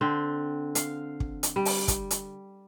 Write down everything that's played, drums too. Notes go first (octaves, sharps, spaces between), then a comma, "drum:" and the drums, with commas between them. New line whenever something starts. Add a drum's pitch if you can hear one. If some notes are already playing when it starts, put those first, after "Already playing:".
D3 C4
F5, drum: hi-hat
drum: kick
drum: hi-hat
G3
drum: open hi-hat
drum: kick, hi-hat
drum: hi-hat